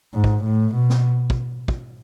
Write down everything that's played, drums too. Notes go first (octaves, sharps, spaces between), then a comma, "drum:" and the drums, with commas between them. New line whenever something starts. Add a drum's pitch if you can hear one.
G#2
drum: kick
A2
B2
drum: snare
drum: kick
drum: kick